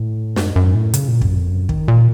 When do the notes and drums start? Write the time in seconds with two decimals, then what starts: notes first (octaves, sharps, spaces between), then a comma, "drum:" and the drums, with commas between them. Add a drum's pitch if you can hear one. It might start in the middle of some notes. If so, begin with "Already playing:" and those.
Already playing: A2
0.36 F#2, drum: snare
0.56 F#2
0.75 A2
0.94 C#3, drum: hi-hat
1.08 A#2
1.22 F#2, drum: kick
1.36 F2
1.50 F#2
1.69 D#3, drum: kick
1.88 A#2